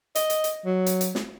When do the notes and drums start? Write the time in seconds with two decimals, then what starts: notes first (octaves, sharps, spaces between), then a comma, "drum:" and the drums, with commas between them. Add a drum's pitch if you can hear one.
0.15 D#5, drum: hi-hat
0.30 drum: hi-hat
0.44 drum: hi-hat
0.66 F#3
0.86 drum: hi-hat
1.01 drum: hi-hat
1.15 drum: snare